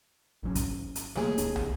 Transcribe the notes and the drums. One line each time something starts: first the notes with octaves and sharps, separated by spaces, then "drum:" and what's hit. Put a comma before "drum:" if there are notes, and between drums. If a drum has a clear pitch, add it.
G#1 F#3 C#4
drum: kick, hi-hat
drum: hi-hat
D#2 F#3 A3 G#4, drum: snare
D1 D4, drum: hi-hat
drum: tom